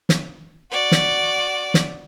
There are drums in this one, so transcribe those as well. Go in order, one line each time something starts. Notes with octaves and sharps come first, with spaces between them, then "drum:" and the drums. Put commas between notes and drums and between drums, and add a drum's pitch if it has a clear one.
drum: snare
F#4 D5
drum: snare
drum: snare